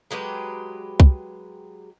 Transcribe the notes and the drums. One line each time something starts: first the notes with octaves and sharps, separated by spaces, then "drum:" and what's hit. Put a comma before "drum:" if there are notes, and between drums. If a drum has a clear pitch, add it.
F#3 G#3 G4 B4
drum: kick C2